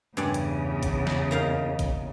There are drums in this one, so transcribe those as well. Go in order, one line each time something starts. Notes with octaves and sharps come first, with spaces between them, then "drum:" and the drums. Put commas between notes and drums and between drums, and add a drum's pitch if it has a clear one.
E2 G2 C#3 D5 G#5
drum: hi-hat
drum: kick, hi-hat
drum: snare
A#3 D#4 F5
drum: kick, hi-hat